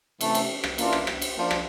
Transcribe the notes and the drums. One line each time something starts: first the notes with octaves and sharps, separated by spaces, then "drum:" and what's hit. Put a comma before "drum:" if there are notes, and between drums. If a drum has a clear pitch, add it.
C3 E3 A3, drum: cymbal
drum: cymbal
drum: rim click
E3 A#3 D4 F4, drum: cymbal
drum: rim click
drum: rim click
drum: cymbal
F3 A#3 D4
drum: rim click